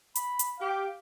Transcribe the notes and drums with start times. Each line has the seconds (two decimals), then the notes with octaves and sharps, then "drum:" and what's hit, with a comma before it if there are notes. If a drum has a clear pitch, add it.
0.15 B5, drum: hi-hat
0.39 drum: hi-hat
0.60 G4 F5